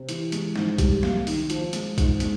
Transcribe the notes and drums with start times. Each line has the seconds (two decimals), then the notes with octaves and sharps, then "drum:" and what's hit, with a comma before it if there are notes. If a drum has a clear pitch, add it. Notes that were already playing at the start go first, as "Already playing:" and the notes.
Already playing: C3
0.09 E3, drum: hi-hat
0.32 G#3, drum: hi-hat
0.56 G#2, drum: snare
0.78 G3, drum: kick, hi-hat
1.03 A#3, drum: snare
1.27 D#3, drum: open hi-hat
1.50 F3, drum: hi-hat
1.73 G#3, drum: hi-hat
1.98 G#2, drum: kick, hi-hat
2.20 G#3, drum: hi-hat